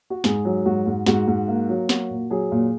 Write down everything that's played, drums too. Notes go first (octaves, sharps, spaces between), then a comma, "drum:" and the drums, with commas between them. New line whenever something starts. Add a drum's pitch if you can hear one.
F#4
G#2 G#4, drum: snare
F#3
G#2 F#4
G#2
G#2 F#4, drum: snare
G#2
A#3
F#3
A#3 F#4, drum: snare
A#2
F#3 G#4
A#2